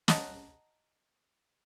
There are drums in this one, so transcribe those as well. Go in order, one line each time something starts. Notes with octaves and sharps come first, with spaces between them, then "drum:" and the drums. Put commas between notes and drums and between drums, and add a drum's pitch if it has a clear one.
D#5 F#5 A5 A#5, drum: snare